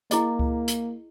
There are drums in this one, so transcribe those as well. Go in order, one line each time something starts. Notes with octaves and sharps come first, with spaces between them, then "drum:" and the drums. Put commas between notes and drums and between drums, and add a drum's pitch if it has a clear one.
A#3 E4 G#4 D#5, drum: hi-hat
drum: kick C#2
drum: hi-hat